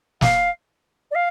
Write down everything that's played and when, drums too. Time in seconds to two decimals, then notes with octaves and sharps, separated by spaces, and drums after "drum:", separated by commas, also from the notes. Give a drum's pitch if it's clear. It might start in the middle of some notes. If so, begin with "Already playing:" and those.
0.21 F5, drum: snare
1.11 D5
1.14 F5